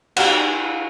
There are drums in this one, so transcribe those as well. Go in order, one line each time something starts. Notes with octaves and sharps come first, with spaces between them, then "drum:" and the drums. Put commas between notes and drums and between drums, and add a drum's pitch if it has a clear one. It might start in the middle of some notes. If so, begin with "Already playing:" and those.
F#4 G4 F5 F#5, drum: cymbal